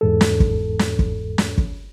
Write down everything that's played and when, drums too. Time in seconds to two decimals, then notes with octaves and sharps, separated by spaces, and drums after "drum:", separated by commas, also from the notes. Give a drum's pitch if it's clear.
0.01 E2 G#2 A4
0.21 drum: snare
0.40 drum: kick
0.79 drum: snare
0.99 drum: kick
1.38 drum: snare
1.58 drum: kick